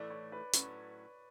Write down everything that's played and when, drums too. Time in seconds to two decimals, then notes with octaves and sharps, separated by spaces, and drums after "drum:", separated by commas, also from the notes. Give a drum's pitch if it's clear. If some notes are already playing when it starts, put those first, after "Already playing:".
Already playing: A2 E3 A3 D5
0.10 C#5
0.32 B4
0.54 A2 F#3 C#4, drum: hi-hat